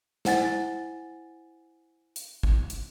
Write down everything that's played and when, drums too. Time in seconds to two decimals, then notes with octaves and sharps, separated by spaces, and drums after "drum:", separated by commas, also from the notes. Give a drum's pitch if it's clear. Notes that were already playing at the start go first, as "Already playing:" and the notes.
0.25 E4 C5 F#5 G#5 A6, drum: snare
2.16 drum: hi-hat
2.43 drum: kick
2.70 drum: hi-hat